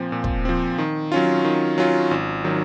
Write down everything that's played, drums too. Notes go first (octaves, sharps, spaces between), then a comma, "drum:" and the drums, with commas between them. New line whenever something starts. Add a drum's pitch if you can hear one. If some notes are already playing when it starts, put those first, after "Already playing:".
Already playing: A#2 F3 C4
A#2
drum: kick
F3 C4
D#3
F#3 C#4 F4
D#3
F#3 C#4 F4
G#1
D#3 F#3